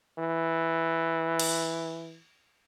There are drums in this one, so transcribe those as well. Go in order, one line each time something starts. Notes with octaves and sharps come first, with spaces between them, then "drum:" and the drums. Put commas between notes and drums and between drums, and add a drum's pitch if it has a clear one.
E3
drum: cymbal